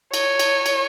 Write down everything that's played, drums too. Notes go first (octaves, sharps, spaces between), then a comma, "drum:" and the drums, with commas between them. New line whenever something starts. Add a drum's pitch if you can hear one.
C#5, drum: cymbal
drum: cymbal
drum: cymbal